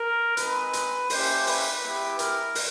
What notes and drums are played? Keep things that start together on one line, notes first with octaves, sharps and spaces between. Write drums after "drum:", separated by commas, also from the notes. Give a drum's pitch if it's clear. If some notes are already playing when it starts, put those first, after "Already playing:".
Already playing: A#4
G#3 C4 D#4 B4, drum: hi-hat
drum: hi-hat
A#3 C#4 E4 G4 C5, drum: open hi-hat
B4, drum: open hi-hat
G#3 B3 E4 G4
A#4, drum: hi-hat
drum: open hi-hat